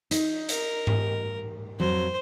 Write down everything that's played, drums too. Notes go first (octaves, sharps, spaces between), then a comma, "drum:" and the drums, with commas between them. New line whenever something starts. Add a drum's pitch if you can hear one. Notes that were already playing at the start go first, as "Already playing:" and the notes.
D#4, drum: hi-hat
A#4, drum: hi-hat
drum: tom G#2
F2 F#3 C5